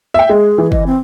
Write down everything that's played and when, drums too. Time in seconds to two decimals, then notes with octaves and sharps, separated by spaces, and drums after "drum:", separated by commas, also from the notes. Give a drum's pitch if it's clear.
0.14 E5 G5
0.29 G#3 G#4
0.58 E3
0.72 D#5, drum: kick
0.87 C4